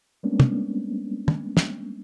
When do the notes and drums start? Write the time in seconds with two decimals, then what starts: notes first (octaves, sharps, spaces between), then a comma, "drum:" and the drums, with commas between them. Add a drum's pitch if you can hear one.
0.23 G3 G#3 A#3 B3 C#4 D4
0.40 drum: tom
1.28 drum: tom
1.57 drum: snare